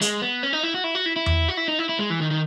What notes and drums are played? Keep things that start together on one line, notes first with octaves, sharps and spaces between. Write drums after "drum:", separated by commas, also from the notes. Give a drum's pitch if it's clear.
G#3, drum: hi-hat
B3
C#4
D#4
E4
F#4
E4
F#4
E4
E4
drum: tom E2
F#4
E4
D#4
E4
E4
G#3
E3
D#3
D#3